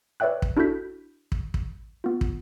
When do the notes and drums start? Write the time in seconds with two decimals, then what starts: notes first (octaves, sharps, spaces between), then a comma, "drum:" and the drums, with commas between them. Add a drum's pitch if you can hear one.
0.20 B4 C#5 D5 E5 G5 F#6
0.42 drum: kick
0.57 D4 E4 F#4 A4 G6 B6
1.32 drum: kick
1.54 drum: kick
2.04 B3 F4
2.21 drum: kick